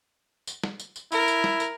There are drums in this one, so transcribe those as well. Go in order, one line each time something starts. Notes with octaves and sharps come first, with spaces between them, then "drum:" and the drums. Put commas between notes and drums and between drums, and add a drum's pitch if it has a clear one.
drum: tambourine
drum: snare
drum: tambourine
drum: tambourine
E4 A#4, drum: tambourine
drum: tambourine
drum: snare
drum: tambourine